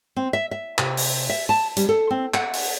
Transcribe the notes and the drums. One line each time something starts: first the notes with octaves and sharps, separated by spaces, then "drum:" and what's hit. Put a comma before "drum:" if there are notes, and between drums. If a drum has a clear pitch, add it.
C4
E5
E5
C3, drum: clap
drum: open hi-hat
E5
A5
G3, drum: hi-hat
A4
C4
F#5, drum: clap
drum: open hi-hat